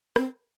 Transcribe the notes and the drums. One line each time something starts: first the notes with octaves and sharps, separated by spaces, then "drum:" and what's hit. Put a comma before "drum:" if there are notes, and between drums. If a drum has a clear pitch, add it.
C4, drum: rim click